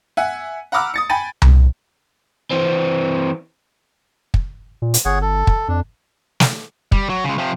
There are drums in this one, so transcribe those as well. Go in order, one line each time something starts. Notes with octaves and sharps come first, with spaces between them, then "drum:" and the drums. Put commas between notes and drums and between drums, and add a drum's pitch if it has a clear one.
E5 F#5 G#5
F#5 A#5 B5 D6 E6 F6
D#6 A6 C#7
G5 G#5 B5 A6 D#7
drum: tom C2
E3 C4
drum: kick
A#2
drum: hi-hat
G1 G#4 C#5 F#5
A4
drum: kick
F2 D4
drum: snare
G3, drum: kick
F#3
C#3 G#3
C3 F3